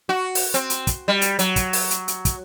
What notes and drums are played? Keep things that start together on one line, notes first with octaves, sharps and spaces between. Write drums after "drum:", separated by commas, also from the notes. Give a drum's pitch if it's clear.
F#4
drum: open hi-hat
C4, drum: hi-hat
drum: hi-hat
drum: kick, hi-hat
G3
drum: hi-hat
F#3, drum: hi-hat
drum: kick, hi-hat
drum: open hi-hat
drum: hi-hat
drum: hi-hat
drum: kick, hi-hat